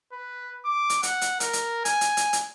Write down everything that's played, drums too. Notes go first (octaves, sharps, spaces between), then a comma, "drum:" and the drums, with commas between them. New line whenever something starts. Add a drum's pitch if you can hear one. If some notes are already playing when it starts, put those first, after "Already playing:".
B4
D6
drum: hi-hat
F#5, drum: hi-hat
drum: hi-hat
A#4, drum: hi-hat
drum: hi-hat
G#5, drum: hi-hat
drum: hi-hat
drum: hi-hat
drum: hi-hat